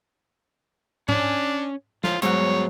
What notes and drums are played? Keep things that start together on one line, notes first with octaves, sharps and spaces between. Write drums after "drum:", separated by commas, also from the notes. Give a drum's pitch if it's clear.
C#4 D4 C#5, drum: tom G#2
F3 F4 C5 C#5, drum: snare
G#2 F#3 G3 B3 C5 C#5 F#6, drum: hi-hat